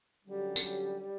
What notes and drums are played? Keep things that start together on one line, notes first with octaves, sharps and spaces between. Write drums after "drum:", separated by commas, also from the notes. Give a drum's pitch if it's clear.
D3 F#3 G3 C#4 G4 C#5
drum: tambourine